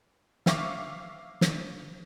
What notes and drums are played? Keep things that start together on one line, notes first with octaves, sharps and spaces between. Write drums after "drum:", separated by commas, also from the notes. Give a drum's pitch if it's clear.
E5 F5 C#6 D6, drum: snare
drum: snare